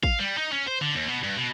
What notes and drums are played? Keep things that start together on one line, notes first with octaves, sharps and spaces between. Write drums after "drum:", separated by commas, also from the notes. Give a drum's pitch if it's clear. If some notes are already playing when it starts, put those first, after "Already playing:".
F5, drum: kick
G3
D#4
C#4
C5
D3
D#2
B2
G2
B2